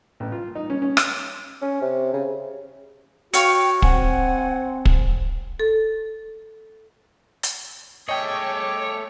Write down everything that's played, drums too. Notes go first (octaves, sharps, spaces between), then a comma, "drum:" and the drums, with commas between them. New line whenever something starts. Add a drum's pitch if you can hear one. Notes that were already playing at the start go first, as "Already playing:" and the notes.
A1
F4
D#4
C#4
C#4
drum: rim click
C#4
C3
C#3
F#4 C#5 F5 G5 C#6, drum: hi-hat
C4 F#5 G#5, drum: kick
drum: kick
A4
drum: hi-hat
A3 G#4 C#5 D#5 G5 D6